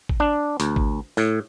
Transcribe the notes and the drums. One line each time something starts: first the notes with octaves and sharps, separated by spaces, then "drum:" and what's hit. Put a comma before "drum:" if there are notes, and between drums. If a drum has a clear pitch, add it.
drum: kick G#1
D4
D2, drum: hi-hat
drum: kick G#1
A2, drum: tambourine